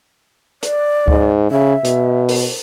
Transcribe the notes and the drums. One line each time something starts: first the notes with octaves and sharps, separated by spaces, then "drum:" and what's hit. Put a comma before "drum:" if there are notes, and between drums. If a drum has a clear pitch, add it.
D5, drum: hi-hat
G#2, drum: kick D2
C#3 E5
B2, drum: hi-hat
drum: open hi-hat